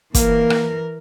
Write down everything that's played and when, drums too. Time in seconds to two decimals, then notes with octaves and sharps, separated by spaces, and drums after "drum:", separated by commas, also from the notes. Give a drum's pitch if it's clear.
0.15 E3 A#3 A#4, drum: kick, hi-hat
0.50 drum: rim click